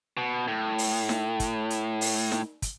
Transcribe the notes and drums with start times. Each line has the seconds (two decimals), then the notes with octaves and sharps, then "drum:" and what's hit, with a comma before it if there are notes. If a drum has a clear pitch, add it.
0.17 B2
0.48 A2
0.78 drum: open hi-hat
1.09 drum: snare D#4
1.40 drum: kick, hi-hat
1.70 drum: hi-hat
2.01 drum: open hi-hat
2.32 drum: snare D#4
2.62 drum: kick, hi-hat